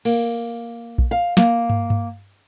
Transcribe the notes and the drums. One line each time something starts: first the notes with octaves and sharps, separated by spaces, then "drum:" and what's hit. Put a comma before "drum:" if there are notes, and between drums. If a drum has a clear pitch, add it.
A#3, drum: cymbal
drum: kick A#1
F5
A#3, drum: snare
drum: tom
drum: tom G2